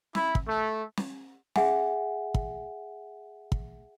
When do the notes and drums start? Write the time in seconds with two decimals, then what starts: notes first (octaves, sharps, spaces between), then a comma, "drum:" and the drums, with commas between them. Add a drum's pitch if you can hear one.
0.15 E4, drum: snare
0.35 drum: kick
0.46 A3
0.98 drum: snare
1.56 G#4 E5 F#5 G#5, drum: snare
2.34 drum: kick
3.52 drum: kick